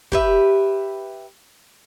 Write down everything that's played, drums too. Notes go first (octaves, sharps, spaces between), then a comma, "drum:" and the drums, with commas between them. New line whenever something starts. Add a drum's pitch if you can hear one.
G4 B4 E5, drum: kick